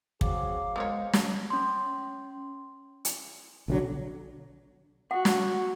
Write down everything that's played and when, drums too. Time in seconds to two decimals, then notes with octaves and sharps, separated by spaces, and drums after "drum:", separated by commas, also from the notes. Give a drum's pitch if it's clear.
0.21 F#3 C4 G#4 F5 D6, drum: kick
0.76 G#3 B3 A#4 C5 C#5
1.13 drum: snare
1.50 C#4 C6
3.05 drum: hi-hat
3.68 B1 D3 D#3 F#3
5.11 F#4 F#5
5.25 drum: snare